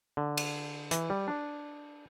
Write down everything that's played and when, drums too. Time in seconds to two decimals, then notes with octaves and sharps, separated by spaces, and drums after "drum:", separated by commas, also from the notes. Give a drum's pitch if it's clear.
0.17 D3
0.37 drum: cymbal
0.91 E3, drum: hi-hat
1.10 G3
1.28 D4